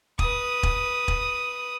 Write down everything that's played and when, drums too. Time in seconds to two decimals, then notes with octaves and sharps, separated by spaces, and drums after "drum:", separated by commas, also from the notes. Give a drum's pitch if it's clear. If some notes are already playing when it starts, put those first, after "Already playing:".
0.19 B4 D#6, drum: kick E1
0.63 drum: kick E1
1.08 drum: kick E1